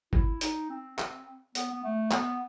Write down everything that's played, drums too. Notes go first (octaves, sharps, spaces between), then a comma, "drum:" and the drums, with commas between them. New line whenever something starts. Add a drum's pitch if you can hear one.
E4, drum: kick G#1
D#4, drum: hi-hat
C4
C4, drum: clap
B3, drum: hi-hat
B3
A3
B3, drum: clap